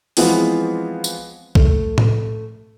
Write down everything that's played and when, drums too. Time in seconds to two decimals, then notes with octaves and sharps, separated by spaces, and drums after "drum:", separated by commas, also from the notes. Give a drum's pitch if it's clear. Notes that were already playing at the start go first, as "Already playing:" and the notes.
0.17 E3 F3 G#3 B3 C4 F4, drum: open hi-hat
1.04 drum: tambourine
1.55 A3, drum: kick
1.98 drum: tom A2